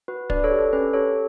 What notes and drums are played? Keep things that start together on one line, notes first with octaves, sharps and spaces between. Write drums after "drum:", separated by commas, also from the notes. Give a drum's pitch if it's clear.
F#4 B4
D4 B4 D5, drum: kick
A4 C#5
G4
A4
C#4 B4
G4 A4 C#5